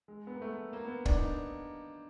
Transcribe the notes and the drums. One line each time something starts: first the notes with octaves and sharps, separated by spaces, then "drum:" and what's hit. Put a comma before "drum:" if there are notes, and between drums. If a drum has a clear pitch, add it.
G#3
B3
A#3
A3
A#3
B3
D4, drum: kick
D#4